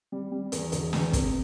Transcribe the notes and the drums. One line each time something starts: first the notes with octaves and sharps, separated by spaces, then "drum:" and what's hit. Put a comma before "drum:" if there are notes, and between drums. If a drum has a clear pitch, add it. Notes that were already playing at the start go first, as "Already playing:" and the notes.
G3
G3
E2, drum: hi-hat
E1, drum: hi-hat
E2, drum: snare
C3, drum: kick, hi-hat